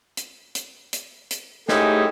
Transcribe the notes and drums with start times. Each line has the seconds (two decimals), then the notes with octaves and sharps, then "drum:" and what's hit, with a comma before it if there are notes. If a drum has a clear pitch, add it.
0.17 drum: hi-hat
0.55 drum: hi-hat
0.93 drum: hi-hat
1.31 drum: hi-hat
1.69 G#2 A3 C#4 D#4 E4 G4 G#4, drum: snare